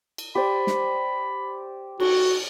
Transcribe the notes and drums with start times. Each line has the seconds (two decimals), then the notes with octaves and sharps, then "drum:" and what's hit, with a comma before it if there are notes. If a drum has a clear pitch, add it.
0.18 drum: cymbal
0.35 G4 C5 D5 B5
0.67 drum: snare
2.00 F#4, drum: cymbal